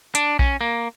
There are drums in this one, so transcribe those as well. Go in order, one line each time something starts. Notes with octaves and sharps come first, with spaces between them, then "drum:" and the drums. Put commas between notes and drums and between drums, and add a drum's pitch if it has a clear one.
D4, drum: hi-hat
C#4, drum: kick A#1
A#3